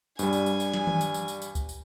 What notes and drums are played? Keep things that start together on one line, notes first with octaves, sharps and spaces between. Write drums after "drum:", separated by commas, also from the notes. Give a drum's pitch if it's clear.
G2 G3 G#5, drum: tambourine
drum: tambourine
drum: tambourine
drum: tambourine
drum: snare
drum: tom D#3
drum: tambourine
drum: tambourine
drum: tambourine
drum: tambourine
drum: kick C#2, tambourine
drum: tambourine